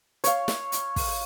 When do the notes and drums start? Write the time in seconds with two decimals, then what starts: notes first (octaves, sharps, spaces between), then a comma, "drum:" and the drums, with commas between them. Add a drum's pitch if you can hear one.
0.24 C#5 F5, drum: hi-hat
0.48 drum: snare
0.72 drum: hi-hat
0.96 drum: kick, open hi-hat